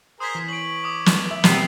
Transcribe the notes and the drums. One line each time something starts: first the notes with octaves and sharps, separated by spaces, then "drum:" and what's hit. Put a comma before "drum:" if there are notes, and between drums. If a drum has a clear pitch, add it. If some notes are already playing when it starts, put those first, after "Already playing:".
G#4 A#4 C5 D#6 B6
E3
C#4 D7 F#7
D6 D#6
drum: snare
E5
B2 B3 C4 G4 A#4 C7 F7, drum: snare